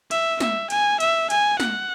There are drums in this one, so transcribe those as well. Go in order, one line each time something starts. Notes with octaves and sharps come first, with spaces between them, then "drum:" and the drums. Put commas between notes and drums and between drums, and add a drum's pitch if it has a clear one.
E5, drum: cymbal
E5, drum: snare
G#5, drum: cymbal
E5, drum: cymbal
G#5, drum: cymbal
F#5, drum: snare